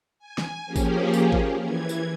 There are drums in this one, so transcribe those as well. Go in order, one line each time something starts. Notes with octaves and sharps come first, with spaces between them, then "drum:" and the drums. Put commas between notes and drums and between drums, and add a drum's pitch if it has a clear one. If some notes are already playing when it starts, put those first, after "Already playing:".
G#5
drum: snare
F3 A#3 C#4 G4 G#4
drum: kick G#1, tambourine
drum: tambourine
drum: kick G#1
E3 G#6
drum: tambourine